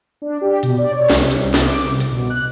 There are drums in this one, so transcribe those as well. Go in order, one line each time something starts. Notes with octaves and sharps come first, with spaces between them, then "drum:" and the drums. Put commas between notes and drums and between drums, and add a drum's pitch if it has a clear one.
D4
G4
B2, drum: hi-hat
D5
C#5
C2, drum: snare
drum: hi-hat
C3, drum: snare
D6
C2
drum: hi-hat
B2
F#6